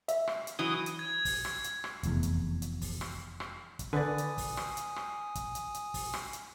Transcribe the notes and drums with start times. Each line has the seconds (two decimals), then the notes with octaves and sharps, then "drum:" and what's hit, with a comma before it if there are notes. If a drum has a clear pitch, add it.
0.08 E5, drum: hi-hat
0.27 drum: rim click
0.47 drum: hi-hat
0.59 E3 F#3 D#6
0.86 drum: hi-hat
0.99 G#6
1.25 drum: kick, open hi-hat
1.45 drum: rim click
1.64 drum: hi-hat
1.84 drum: rim click
2.03 F1 E2, drum: hi-hat
2.23 drum: kick, hi-hat
2.62 drum: hi-hat
2.81 drum: kick, open hi-hat
3.01 drum: rim click
3.40 drum: rim click
3.79 drum: kick, hi-hat
3.93 D3 B4 D5 G#5 D#6
4.18 drum: hi-hat
4.38 drum: kick, open hi-hat
4.57 drum: rim click
4.77 drum: hi-hat
4.96 drum: rim click
5.35 drum: kick, hi-hat
5.55 drum: hi-hat
5.74 drum: hi-hat
5.94 drum: kick, open hi-hat
6.14 drum: rim click
6.33 drum: hi-hat